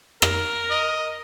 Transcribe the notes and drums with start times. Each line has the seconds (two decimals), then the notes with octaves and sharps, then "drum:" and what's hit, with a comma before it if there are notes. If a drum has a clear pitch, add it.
0.22 A#4, drum: rim click
0.70 D#5